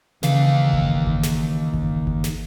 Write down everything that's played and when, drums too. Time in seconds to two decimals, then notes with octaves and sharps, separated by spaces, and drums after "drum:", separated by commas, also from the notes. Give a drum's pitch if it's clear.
0.23 D#2 C#3 E3 F5, drum: snare
0.73 drum: kick G1
1.07 drum: kick G1
1.23 drum: snare
1.74 drum: kick G1
2.07 drum: kick G1
2.24 drum: snare